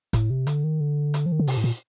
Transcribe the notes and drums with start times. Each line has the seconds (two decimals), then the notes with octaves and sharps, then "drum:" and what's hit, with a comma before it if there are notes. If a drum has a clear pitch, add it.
0.13 A2, drum: kick, hi-hat
0.30 C3
0.47 D3, drum: hi-hat
0.64 D#3
0.80 D3
1.14 drum: hi-hat
1.26 F3
1.32 D#3
1.39 D3
1.47 C3, drum: open hi-hat
1.57 A2
1.64 A#2